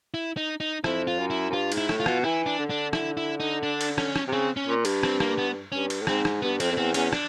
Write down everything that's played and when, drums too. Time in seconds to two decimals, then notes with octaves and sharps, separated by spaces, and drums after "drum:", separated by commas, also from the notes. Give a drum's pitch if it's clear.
0.14 E4
0.37 D#4
0.60 D#4
0.84 F2 E4, drum: rim click
1.07 F4
1.19 F#2
1.30 E4
1.49 F#2
1.53 G2 F4
1.72 G#2, drum: cymbal
1.78 E4
1.89 A2, drum: rim click
2.00 F4
2.06 B2, drum: rim click
2.24 E3 E4
2.46 D4
2.59 D3
2.70 D4
2.93 E4, drum: rim click
3.17 E4
3.40 D#4
3.63 D4
3.81 drum: cymbal
3.98 C#4, drum: rim click
4.16 drum: rim click
4.28 C3
4.33 C#3 C4
4.57 C#4
4.67 A#2
4.85 G2, drum: cymbal
5.03 C4, drum: rim click
5.20 A#3, drum: rim click
5.38 B3
5.72 G2 C#4
5.90 drum: cymbal
6.01 A2
6.07 G#2 C4, drum: rim click
6.25 drum: rim click
6.42 G2 B3
6.60 F2 C4, drum: cymbal
6.71 F2
6.77 E2 C4
6.94 E2 C#4, drum: cymbal
7.13 D4, drum: rim click